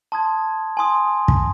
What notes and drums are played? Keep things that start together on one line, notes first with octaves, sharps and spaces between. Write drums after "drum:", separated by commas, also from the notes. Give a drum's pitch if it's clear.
A5 C6 D#6 G#6
G#5 C6 D#6
drum: kick